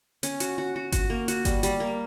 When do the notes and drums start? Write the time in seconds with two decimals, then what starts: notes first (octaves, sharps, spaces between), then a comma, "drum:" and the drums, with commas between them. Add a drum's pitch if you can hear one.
0.23 C#4, drum: hi-hat
0.40 F#4, drum: hi-hat
0.58 F#4
0.76 F#4
0.92 F#4, drum: kick G1, hi-hat
1.10 A#3
1.28 F#4, drum: hi-hat
1.45 G3, drum: kick G1, hi-hat
1.63 G3, drum: hi-hat
1.80 A#3